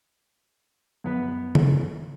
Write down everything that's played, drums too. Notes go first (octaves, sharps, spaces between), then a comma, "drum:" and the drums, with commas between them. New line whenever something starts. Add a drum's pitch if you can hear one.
F#2 B3 B4
drum: tom C#3